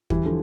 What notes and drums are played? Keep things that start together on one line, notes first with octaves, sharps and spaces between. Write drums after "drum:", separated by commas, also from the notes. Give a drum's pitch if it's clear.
E3 G3, drum: kick
D3 F3